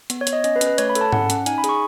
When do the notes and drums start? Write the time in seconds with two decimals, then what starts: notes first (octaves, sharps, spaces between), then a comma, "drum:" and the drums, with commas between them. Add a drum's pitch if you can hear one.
0.10 B3, drum: hi-hat
0.21 C#5
0.27 B3, drum: hi-hat
0.33 D#5
0.44 C#4 D#5, drum: hi-hat
0.56 B4
0.61 C#4, drum: hi-hat
0.66 B4
0.78 A3 C#5, drum: hi-hat
0.89 B5
0.95 A4, drum: hi-hat
1.01 A5
1.12 C#4 F#5, drum: tom G#2
1.30 C#4, drum: hi-hat
1.46 D#4 G#5, drum: hi-hat
1.58 B5
1.64 G#4, drum: hi-hat
1.69 C#6